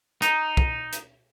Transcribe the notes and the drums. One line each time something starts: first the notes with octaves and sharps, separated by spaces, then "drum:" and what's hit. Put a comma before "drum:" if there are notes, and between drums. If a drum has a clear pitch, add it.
D#4, drum: hi-hat
drum: kick
drum: hi-hat